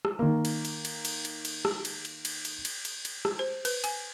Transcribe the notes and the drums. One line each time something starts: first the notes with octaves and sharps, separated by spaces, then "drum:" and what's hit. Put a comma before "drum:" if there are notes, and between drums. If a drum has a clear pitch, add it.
drum: rim click
D#3 A#3
drum: cymbal
drum: cymbal
drum: cymbal
drum: cymbal
drum: cymbal
drum: cymbal
drum: rim click
drum: cymbal
drum: cymbal
drum: cymbal
drum: cymbal
drum: cymbal
drum: cymbal
drum: cymbal
drum: rim click
C5
B4, drum: cymbal
G#5, drum: cymbal